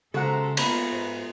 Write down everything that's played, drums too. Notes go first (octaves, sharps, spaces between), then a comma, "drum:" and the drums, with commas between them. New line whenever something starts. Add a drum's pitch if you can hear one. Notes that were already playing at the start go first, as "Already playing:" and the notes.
C#3 G#3 F#4 A4 C5 E5 F#5 A#5
A#3 B3 D#4 F4 A#4 C#5 D5 B5, drum: cymbal
G#2